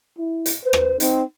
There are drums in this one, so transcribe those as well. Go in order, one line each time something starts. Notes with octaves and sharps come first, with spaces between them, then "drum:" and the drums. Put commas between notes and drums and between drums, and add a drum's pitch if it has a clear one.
E4
drum: hi-hat
B4 C5
drum: rim click
C4 D#4, drum: hi-hat